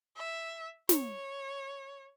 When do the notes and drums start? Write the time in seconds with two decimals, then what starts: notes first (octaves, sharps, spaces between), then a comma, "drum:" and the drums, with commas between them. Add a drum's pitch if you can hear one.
0.16 E5
0.89 C#5, drum: snare